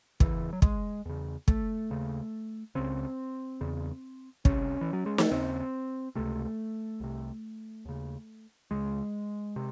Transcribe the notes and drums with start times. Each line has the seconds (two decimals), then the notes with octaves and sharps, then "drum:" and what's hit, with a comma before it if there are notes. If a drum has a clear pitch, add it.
0.20 E2 C#3 E3, drum: kick
0.53 F#3
0.62 G#3, drum: kick
1.05 E2 C#3
1.48 A3, drum: kick
1.90 D#2 C#3
2.75 C#2 C#3 C4
3.61 E2 C#3
4.45 C2 C3 C#4, drum: kick
4.81 E3
4.93 F#3
5.06 G#3
5.18 A3, drum: snare
5.31 D#2 C#3 C4
6.15 C#2 C3 A3
7.00 C2 C3
7.85 D#2 C#3
8.71 C#2 C#3 G#3
9.56 C3